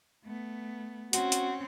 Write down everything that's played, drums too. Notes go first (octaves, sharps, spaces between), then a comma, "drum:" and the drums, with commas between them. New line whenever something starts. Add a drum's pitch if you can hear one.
A3 B3
C4 C#4 F#4, drum: hi-hat
drum: hi-hat